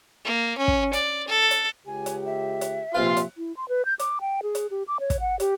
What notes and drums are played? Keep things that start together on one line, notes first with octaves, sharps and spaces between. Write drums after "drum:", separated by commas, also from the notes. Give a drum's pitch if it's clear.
A#3
C#4
drum: kick
D5, drum: hi-hat
A4
drum: hi-hat
C#2 G4 G#5
drum: hi-hat
E5
drum: hi-hat
A#1 C3 F4 B4 C5 F5 C6
drum: hi-hat
E4
C6
B4
G6
D6, drum: hi-hat
G5
G#4
drum: hi-hat
G4
D6
C#5
drum: kick, hi-hat
F#5
G4, drum: hi-hat